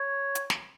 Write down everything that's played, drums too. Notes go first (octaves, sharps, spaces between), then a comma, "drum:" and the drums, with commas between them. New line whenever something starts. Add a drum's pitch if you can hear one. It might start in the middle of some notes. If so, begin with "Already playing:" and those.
Already playing: C#5
drum: hi-hat
drum: snare